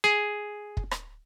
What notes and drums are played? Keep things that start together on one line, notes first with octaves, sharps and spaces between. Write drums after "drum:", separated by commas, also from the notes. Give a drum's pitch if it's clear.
G#4
drum: kick
drum: rim click